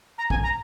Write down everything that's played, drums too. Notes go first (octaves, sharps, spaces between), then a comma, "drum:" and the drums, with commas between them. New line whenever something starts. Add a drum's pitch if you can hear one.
A#5
G#5, drum: kick
A#5